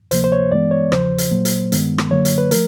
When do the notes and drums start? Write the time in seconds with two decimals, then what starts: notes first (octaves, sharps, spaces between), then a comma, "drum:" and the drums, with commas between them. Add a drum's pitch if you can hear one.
0.11 D2 C3 F3 A#3 C5, drum: hi-hat
0.24 C5
0.32 C#5
0.51 G2 E3 G#3 B3 D5
0.71 C#5
0.92 E2 C#3 F3 C5, drum: rim click
1.18 drum: hi-hat
1.31 A#2 F#3 A#3
1.45 drum: hi-hat
1.72 G2 D#3 G#3 B3, drum: hi-hat
1.98 drum: rim click
2.11 F#2 D3 F#3 A#3 C#5
2.25 drum: hi-hat
2.38 B4
2.51 F3 A3 A#4, drum: hi-hat